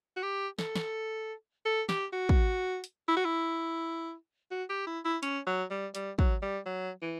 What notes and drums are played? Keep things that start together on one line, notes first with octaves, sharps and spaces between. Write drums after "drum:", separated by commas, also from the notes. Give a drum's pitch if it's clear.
F#4
G4
A4, drum: snare
drum: snare
A4
G4, drum: snare
F#4
drum: kick
drum: hi-hat
E4
F#4
E4
F#4
G4
E4
E4
C#4, drum: hi-hat
F#3
G3
G3, drum: hi-hat
F#3, drum: kick
G3
F#3
E3